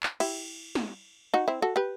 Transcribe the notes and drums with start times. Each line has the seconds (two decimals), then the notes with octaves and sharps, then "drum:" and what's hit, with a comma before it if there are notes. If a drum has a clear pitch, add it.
0.03 drum: clap
0.20 E4 G4, drum: cymbal
0.75 drum: snare
1.34 D#4 F#4
1.48 C4 E4
1.62 F#4 A4
1.76 G4 B4